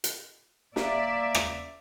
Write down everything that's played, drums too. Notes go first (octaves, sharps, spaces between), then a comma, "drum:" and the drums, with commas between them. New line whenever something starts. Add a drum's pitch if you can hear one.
drum: hi-hat
A#3 D5 E5, drum: snare
drum: rim click